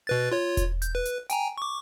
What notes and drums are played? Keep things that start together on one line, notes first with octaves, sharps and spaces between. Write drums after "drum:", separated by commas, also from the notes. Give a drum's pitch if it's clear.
B2 B4 A6
F4 C#5
drum: kick E1, hi-hat
G6, drum: hi-hat
B4
drum: hi-hat
G5 G#5 A#5, drum: hi-hat
C#6 D6